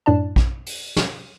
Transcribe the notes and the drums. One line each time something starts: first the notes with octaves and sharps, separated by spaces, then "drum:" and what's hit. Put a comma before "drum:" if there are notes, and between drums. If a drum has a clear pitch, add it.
F#2 A2 D4 D5 A5
drum: kick A#1
drum: open hi-hat
drum: snare